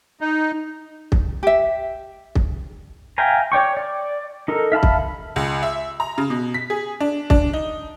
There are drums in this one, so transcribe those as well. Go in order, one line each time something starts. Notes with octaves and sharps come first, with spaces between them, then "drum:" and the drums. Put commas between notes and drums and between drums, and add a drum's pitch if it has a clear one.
D#4
drum: kick
G4 E5
drum: kick
E5 F5 G5 G#5 A#5
C#5 D5 G5 C#6
D5
D#4 A4 A#4
E5 F5 A5 B5
drum: kick
C#2
E5
A#5
C#3
B2
B6
G#4
D4
D4, drum: kick
D#4